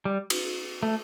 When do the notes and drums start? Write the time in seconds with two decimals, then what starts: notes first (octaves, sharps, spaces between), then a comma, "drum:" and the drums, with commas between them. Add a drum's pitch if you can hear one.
0.05 G3
0.30 drum: cymbal
0.83 A3